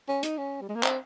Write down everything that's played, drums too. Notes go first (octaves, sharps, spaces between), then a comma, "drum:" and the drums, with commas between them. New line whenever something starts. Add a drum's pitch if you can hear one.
C#4
D#4, drum: hi-hat
C#4
G3
G#3
A#3
C4, drum: clap